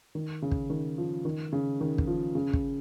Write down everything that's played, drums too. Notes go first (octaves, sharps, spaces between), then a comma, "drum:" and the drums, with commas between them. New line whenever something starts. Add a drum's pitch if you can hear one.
D#3
C#3
drum: kick
D#3
F3
D#3
C#3
D#3
drum: kick
F3
C#3
drum: kick